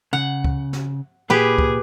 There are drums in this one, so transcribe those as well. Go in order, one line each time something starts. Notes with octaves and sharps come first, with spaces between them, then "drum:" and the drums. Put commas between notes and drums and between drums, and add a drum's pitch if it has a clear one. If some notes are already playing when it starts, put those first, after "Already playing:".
C#3 F#5
drum: kick C#2
drum: snare
A#2 G4 G#4 B4
drum: kick C#2